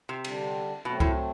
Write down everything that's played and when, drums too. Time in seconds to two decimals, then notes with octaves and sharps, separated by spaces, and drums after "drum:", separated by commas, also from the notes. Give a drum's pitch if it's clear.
0.09 C3
0.24 D3 G3 D4, drum: cymbal
0.85 B2 F#3 A3 C4
1.00 A2, drum: kick C2